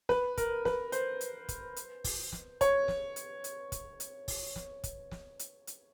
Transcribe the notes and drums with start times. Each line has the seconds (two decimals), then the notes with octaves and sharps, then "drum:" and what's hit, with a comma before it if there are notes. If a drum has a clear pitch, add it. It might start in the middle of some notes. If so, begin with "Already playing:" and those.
0.09 B4, drum: snare
0.37 A#4, drum: kick, hi-hat
0.65 B4, drum: snare
0.92 C5, drum: hi-hat
1.21 drum: hi-hat
1.49 drum: kick, hi-hat
1.76 drum: hi-hat
2.04 drum: kick, open hi-hat
2.32 drum: snare
2.61 C#5, drum: kick, hi-hat
2.88 drum: snare
3.16 drum: hi-hat
3.44 drum: hi-hat
3.72 drum: kick, hi-hat
4.00 drum: hi-hat
4.28 drum: kick, open hi-hat
4.56 drum: snare
4.84 drum: kick, hi-hat
5.11 drum: snare
5.39 drum: hi-hat
5.67 drum: hi-hat